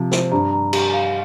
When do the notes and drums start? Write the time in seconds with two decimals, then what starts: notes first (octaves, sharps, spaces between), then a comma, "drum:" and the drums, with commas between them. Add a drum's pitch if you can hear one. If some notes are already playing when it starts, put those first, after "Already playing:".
Already playing: C3 F3
0.12 C5, drum: snare
0.32 G2 A#5
0.53 A#5
0.73 G4, drum: cymbal
0.93 F5